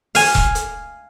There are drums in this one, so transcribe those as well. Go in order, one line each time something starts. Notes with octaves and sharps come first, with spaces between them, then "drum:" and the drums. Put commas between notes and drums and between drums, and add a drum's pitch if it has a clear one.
F5 G#5, drum: open hi-hat
drum: kick E1
drum: hi-hat